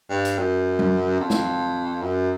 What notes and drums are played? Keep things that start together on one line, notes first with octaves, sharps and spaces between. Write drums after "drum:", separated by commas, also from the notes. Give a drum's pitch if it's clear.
G2
drum: hi-hat
F#2
drum: tom F#3
F2
drum: snare
F#2